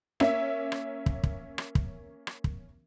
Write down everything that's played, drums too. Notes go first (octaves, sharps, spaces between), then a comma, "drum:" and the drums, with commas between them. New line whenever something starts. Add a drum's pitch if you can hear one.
A#3 C#4 E5, drum: rim click
drum: rim click
drum: kick
drum: kick
drum: rim click
drum: kick
drum: rim click
drum: kick